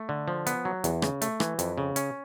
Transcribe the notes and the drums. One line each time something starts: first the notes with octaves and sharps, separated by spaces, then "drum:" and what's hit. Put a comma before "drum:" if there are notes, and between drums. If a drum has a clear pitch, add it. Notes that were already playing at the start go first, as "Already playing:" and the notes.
Already playing: A3
D3
F3
B3, drum: hi-hat
F#3
E2, drum: hi-hat
C#3, drum: rim click
A3, drum: hi-hat
E3, drum: rim click
F2, drum: hi-hat
C#3
C#4, drum: hi-hat